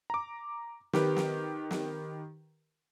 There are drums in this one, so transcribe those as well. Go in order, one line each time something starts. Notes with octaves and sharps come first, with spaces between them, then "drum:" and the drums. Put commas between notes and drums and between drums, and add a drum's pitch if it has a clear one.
A#5 D6
D#3 G4 A#4 B4, drum: snare
drum: snare
drum: snare